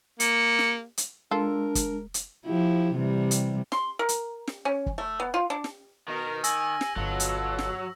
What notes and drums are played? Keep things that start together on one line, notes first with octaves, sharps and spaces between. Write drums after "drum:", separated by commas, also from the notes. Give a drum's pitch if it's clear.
A#3 C#7, drum: hi-hat
drum: snare
drum: hi-hat
G#3 D4 F4 A4 A#4
drum: kick, hi-hat
drum: hi-hat
F3 E4 G4
C3 E3 G3
drum: hi-hat
C6, drum: snare
A#4
drum: hi-hat
drum: snare
C#4
drum: kick
A3
B3
F4
D4
drum: snare
B2 D#3 A#4
G#5 E6 A#6, drum: hi-hat
drum: snare
G1 B2 F#3 F4 A4
drum: hi-hat
drum: snare